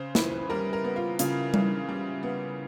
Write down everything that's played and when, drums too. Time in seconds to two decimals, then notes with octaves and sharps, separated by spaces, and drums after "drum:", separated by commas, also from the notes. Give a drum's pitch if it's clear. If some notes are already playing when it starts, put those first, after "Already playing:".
Already playing: C#3 C5
0.15 E3 B4, drum: snare
0.50 G3 A#4
0.73 A#4
0.84 B3
0.96 F4
1.19 C#3 F4, drum: hi-hat
1.54 E3, drum: tom G3
1.89 G3
2.23 B3